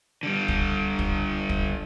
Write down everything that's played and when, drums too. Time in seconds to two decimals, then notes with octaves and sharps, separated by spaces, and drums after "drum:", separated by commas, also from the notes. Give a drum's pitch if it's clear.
0.23 D3 G3
0.48 drum: kick
0.99 drum: kick
1.49 drum: kick